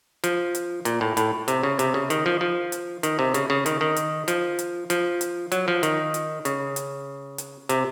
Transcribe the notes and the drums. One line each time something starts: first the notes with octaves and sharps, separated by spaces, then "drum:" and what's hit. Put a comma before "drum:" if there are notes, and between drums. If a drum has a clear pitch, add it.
F3, drum: hi-hat
drum: hi-hat
A#2, drum: hi-hat
A2
A2, drum: hi-hat
C3, drum: hi-hat
C#3
C3, drum: hi-hat
C#3
D#3, drum: hi-hat
F3
F3
drum: hi-hat
D#3, drum: hi-hat
C3
C#3, drum: hi-hat
C#3
D#3, drum: hi-hat
D#3
drum: hi-hat
F3, drum: hi-hat
drum: hi-hat
F3, drum: hi-hat
drum: hi-hat
F#3, drum: hi-hat
F3
D#3, drum: hi-hat
drum: hi-hat
C#3, drum: hi-hat
drum: hi-hat
drum: hi-hat
C3, drum: hi-hat